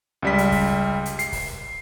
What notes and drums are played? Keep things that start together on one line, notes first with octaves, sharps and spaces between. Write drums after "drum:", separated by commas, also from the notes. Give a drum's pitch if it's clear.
C#2 G3 B6
drum: hi-hat
drum: kick C#1, open hi-hat
drum: hi-hat
C7, drum: hi-hat
drum: kick C#1, open hi-hat